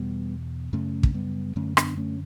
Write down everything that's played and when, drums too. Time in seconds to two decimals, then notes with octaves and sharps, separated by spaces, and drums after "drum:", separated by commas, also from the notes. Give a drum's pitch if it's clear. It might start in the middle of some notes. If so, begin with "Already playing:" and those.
Already playing: E2 B2 G3 B3
0.73 F#2 C#3 A3 C#4
1.03 drum: kick
1.14 G3 B3
1.56 F#2 D3 A3 C#4
1.77 B3 D4, drum: rim click
1.98 A3 C#4